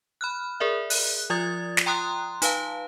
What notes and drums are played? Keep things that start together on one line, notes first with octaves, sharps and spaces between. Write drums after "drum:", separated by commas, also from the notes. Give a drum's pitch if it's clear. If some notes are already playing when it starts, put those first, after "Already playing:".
B5 F6 F#6
G#4 A#4 D5 E5
F#6, drum: open hi-hat
F3 F4 D5 D#6 G#6 A6
drum: snare
G5 A#5 C6 D#6 F#6
D#4 B4 F5 A5, drum: hi-hat